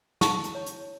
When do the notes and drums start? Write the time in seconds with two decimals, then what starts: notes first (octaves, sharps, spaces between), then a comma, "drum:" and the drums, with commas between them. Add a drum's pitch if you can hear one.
0.21 E4 A5 C#6, drum: snare
0.44 drum: hi-hat
0.55 C#5
0.66 drum: hi-hat